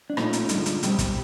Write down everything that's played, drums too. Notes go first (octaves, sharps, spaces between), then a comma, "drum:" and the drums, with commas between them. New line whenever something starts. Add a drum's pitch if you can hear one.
D4
A#2 F3 A3 C#4 D#4, drum: rim click
drum: hi-hat
G2 D3 F3 G#3, drum: hi-hat
drum: hi-hat
B2 G3 C4 G4, drum: hi-hat
drum: kick, hi-hat